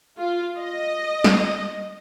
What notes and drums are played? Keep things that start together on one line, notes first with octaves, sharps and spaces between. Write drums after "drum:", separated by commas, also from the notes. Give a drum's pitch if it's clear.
F4
D#5
drum: snare